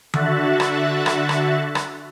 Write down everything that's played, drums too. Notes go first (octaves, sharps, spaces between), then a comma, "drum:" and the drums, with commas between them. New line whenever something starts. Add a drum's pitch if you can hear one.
D3 F#4 E5 F#6 A6, drum: tom D#3
drum: rim click
drum: rim click
drum: rim click
drum: rim click